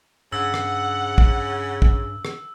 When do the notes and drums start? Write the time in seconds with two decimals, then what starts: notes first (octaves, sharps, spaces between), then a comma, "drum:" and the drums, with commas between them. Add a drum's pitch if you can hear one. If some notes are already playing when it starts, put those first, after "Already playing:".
0.33 G2 C#3 F#5 E6
0.54 drum: rim click
1.18 drum: kick
1.82 drum: kick
2.25 drum: rim click